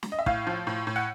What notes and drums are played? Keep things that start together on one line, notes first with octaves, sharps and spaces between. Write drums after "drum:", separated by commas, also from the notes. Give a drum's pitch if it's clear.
drum: snare
D#5
E5
A2 F5, drum: kick
F3
A2
A2
F#5